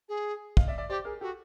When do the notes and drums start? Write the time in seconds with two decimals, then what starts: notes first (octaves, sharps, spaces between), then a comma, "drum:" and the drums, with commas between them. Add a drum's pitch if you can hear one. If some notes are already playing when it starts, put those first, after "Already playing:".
0.09 G#4
0.57 D#5 F5, drum: kick
0.68 D5 E5
0.78 D5 E5
0.89 G4 C5 D5
1.05 G#4 A#4
1.21 F#4 G4 A4